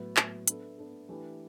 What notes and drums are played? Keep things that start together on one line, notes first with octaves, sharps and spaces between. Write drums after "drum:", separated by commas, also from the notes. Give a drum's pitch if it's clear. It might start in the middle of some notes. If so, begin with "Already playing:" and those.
Already playing: A2 F#3 B3
A2 F#3 B3, drum: clap
B3 D4 A4, drum: hi-hat
B3 D4 A4
E3 A3 D4 G4 B4